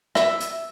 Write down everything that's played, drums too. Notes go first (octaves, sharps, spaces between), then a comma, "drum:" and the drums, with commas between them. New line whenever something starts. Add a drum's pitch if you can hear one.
E5, drum: rim click
drum: hi-hat